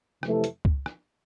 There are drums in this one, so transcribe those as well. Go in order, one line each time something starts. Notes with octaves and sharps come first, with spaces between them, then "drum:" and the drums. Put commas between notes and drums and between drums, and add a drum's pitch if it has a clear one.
F2 C3 E3 A3, drum: rim click
drum: hi-hat
drum: kick C#2
drum: rim click